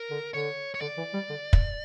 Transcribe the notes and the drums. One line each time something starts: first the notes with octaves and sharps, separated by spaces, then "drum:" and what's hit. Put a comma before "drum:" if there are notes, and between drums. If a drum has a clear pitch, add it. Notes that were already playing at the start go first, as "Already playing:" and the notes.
Already playing: A#4
D3
D3 C#5
C#5
D3 D5
E3
G3
D3
drum: kick